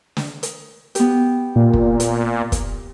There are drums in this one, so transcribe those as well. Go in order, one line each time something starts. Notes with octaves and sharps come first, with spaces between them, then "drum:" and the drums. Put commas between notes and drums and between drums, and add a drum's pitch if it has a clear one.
drum: snare
drum: hi-hat
B3 G4, drum: hi-hat
A#2
drum: kick
drum: hi-hat
drum: kick, hi-hat